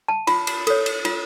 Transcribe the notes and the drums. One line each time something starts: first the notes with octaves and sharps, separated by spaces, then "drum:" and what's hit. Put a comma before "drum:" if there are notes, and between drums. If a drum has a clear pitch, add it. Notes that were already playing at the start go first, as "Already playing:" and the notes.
A5
F4 B5, drum: cymbal
drum: cymbal
A4 C#5, drum: cymbal
drum: cymbal
F4, drum: cymbal